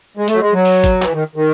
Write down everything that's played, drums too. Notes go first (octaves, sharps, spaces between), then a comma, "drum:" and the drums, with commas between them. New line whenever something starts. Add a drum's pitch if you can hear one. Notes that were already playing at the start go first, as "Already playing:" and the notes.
G#3
A3, drum: hi-hat
F#3
G#3
F#3
drum: open hi-hat
drum: kick G1, hi-hat
E3, drum: clap
D#3
D#3